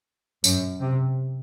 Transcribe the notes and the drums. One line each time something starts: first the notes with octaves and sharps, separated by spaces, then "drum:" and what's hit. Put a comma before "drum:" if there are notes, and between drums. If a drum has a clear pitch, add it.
F#2, drum: tambourine
C3